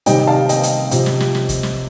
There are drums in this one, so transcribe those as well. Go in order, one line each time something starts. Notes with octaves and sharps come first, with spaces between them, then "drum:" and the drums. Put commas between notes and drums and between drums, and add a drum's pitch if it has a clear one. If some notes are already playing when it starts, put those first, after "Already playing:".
C3 D#3 G3 D#5 G5, drum: hi-hat
F5 A5
D#5 G5, drum: hi-hat
drum: hi-hat
C3 F3, drum: hi-hat
drum: snare
drum: snare
drum: snare
drum: kick, hi-hat
drum: snare